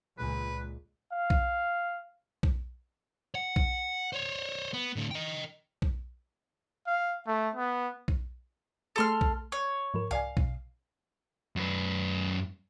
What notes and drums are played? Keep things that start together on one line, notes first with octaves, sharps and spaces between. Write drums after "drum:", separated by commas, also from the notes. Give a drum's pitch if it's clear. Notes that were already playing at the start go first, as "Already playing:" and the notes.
C#2 A#2 G#3 B4
F5
drum: kick B1
drum: kick B1
F#5
drum: kick B1
C5 C#5
B3
A2 D3
D#5 G5
drum: kick B1
F5
A3
B3
drum: kick B1
A3 G#4 A4 C6 F6 C#7
drum: kick B1
C#5 C#6
G#2 F3 A#4
C2 D5 F5 G#5
B2, drum: kick B1
F#2 B4